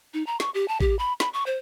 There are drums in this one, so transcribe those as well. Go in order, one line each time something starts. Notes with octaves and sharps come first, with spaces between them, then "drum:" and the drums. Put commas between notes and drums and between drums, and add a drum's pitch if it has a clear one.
D#4
A#5
C#6, drum: snare
G4
A5
G4, drum: kick A1
B5
B5, drum: snare
C#6
C5